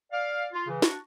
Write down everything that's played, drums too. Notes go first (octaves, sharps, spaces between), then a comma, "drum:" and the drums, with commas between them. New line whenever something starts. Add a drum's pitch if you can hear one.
D5 F5
F4
C#3 E3
D4 F#4, drum: snare